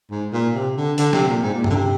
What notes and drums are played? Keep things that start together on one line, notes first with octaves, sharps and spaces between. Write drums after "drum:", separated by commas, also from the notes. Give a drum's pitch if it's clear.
G#2
A#2
C3
D3
D3, drum: hi-hat
C3, drum: snare
A#2
G#2
A#2
C3, drum: tom G2
D3
C3